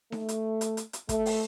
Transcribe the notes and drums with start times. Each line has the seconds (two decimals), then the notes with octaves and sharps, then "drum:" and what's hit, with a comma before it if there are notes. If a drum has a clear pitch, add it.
0.12 A3, drum: snare D#4
0.29 drum: hi-hat
0.61 drum: hi-hat
0.77 drum: hi-hat
0.93 drum: hi-hat
1.09 A3, drum: kick, hi-hat
1.26 drum: open hi-hat